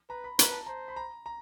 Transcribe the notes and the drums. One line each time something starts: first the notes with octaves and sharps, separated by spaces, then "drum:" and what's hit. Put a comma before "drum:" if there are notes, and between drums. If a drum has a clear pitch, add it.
B4 A#5
B5
B4 A#5, drum: hi-hat
A5
C5 A#5
B5
A#5
A#5